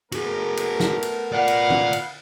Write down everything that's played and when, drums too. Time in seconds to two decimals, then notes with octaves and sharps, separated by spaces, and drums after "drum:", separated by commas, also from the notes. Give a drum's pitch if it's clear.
0.12 A3 B3 F#4 G#4 A#4, drum: cymbal
0.57 drum: cymbal
0.80 drum: snare
1.03 drum: cymbal
1.33 F4 B4 D5 F5 F#5
1.48 drum: cymbal
1.70 drum: tom D3
1.93 drum: cymbal